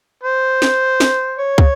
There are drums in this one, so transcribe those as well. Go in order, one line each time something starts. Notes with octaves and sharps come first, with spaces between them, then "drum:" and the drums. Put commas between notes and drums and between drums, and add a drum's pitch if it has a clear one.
C5
drum: snare
drum: snare
C#5
drum: kick